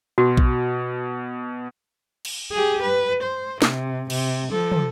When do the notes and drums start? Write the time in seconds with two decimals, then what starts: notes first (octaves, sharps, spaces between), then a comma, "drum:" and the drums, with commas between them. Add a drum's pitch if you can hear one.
0.18 B2 F#4
0.37 drum: kick A#1
2.25 drum: cymbal
2.52 G4 G#4
2.82 B4
3.23 C5
3.62 C3, drum: snare
4.10 C3, drum: cymbal
4.52 F3 A4
4.72 drum: tom